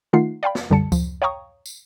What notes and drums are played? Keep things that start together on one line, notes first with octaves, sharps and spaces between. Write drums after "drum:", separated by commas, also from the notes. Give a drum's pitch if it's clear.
D#3 A3 D#4 F4 F#5 C7
D5 F5 G5 B5
drum: snare
C2 F#2 D3 G3 A5 C#7
F3, drum: kick C#2, tambourine
C#5 F5 G5 A#5 C#6 D#6
drum: tambourine